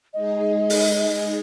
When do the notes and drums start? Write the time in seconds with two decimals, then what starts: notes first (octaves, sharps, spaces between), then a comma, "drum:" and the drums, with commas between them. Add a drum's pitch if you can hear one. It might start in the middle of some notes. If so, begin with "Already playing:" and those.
0.14 G#3 D#4 G#4 D#5
0.70 drum: open hi-hat